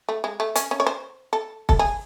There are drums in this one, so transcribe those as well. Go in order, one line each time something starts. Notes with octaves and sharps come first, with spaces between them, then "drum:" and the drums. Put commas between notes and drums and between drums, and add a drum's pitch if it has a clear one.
A3
G#3
A3
C#4, drum: hi-hat
C#4
C#5
C5
A4
A4, drum: kick
G#4